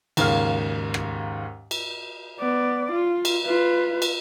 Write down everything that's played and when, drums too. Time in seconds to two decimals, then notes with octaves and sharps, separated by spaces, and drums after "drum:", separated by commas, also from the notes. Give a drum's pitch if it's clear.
0.17 D#2 G#2 C#3 A#3 F5 F6, drum: cymbal
0.94 drum: rim click
1.71 drum: cymbal
2.39 B3 D5
2.91 F4
3.25 drum: cymbal
3.45 F4 B4
4.02 drum: cymbal